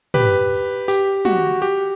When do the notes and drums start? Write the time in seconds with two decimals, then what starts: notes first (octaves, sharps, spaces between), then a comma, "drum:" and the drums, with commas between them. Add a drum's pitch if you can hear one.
0.14 G4 B4, drum: tom
0.88 G4, drum: tambourine
1.25 F#4, drum: tom
1.62 G4